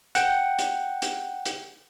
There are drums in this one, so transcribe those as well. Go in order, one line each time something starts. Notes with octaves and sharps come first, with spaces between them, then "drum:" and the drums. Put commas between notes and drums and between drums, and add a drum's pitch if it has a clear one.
F#5 G5, drum: hi-hat
drum: hi-hat
drum: hi-hat
drum: hi-hat